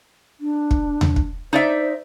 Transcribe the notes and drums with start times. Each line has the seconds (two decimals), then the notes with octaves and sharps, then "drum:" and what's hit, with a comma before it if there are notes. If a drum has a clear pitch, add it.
0.40 D4
0.71 drum: kick
1.01 drum: tom D#2
1.16 drum: kick
1.53 D#4 C5 D5 E5